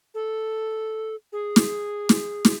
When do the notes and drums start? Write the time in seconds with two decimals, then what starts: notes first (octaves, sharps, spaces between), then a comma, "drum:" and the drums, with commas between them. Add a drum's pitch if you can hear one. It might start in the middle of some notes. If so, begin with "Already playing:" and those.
0.14 A4
1.32 G#4
1.56 drum: snare
2.09 drum: snare
2.45 drum: snare